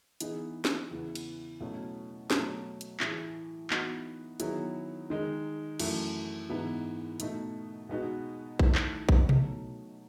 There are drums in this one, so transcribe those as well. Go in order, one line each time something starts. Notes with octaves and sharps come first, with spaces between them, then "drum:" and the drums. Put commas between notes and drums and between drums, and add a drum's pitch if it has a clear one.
E3 B3 D#4 G#4, drum: hi-hat
drum: snare
E2 C#3 E3 B3
drum: cymbal
B2 F#3 A3 C#4 E4
B2 F#3 A3, drum: snare
drum: hi-hat
A2 E3 A3 E4 G#4, drum: clap
E3 B3 D#4 F#4, drum: clap
D#3 F#3 B3 E4 G#4, drum: hi-hat
D#3 G#3 D#4
F#2 E3 A3, drum: cymbal
G#2 E3 B3 E4
B2 A3 D#4, drum: hi-hat
B2 G#3 B3 D#4 F#4
D#3 A3 E4, drum: kick A#1
drum: clap
drum: kick A#1
B2 F#3 A3 D#4, drum: tom B2